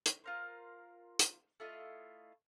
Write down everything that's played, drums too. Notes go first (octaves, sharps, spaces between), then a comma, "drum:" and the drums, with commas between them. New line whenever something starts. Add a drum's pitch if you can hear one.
drum: hi-hat
F4 A#4 C5
drum: hi-hat
A3 E4 F4 D#5